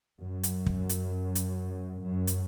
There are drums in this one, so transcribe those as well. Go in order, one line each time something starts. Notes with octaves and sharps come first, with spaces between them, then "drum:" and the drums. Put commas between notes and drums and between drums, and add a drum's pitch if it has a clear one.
F#2
drum: hi-hat
drum: kick
drum: hi-hat
drum: hi-hat
F#2
drum: hi-hat